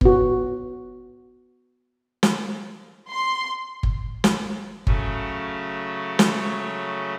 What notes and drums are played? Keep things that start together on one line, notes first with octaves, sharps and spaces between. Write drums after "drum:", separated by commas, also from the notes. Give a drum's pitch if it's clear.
B3 F#4, drum: kick G1
drum: snare
C6
drum: kick G1
drum: snare
C#3 F#3 A3 C#4, drum: kick G1
drum: snare